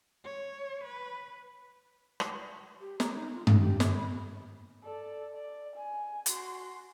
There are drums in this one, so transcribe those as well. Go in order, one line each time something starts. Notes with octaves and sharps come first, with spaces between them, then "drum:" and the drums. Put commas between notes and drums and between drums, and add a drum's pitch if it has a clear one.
C#5
B4
drum: rim click
G4
A#5, drum: snare
D#4
F4
A4, drum: tom G2
G4
E5, drum: snare
B5
A4 D5
D5
G#5
F#4 C6, drum: hi-hat